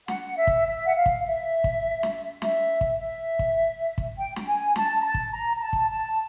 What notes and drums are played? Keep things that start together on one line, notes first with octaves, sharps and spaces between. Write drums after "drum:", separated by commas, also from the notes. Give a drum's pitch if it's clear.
F#5, drum: snare
E5
drum: kick
E5
F#5
F5
drum: kick
E5
drum: kick
drum: snare
E5, drum: snare
drum: kick
E5
drum: kick
drum: kick
G5
G5, drum: snare
G#5
A5, drum: snare
A#5
A5
drum: kick
A#5
A#5
A5
drum: kick
A5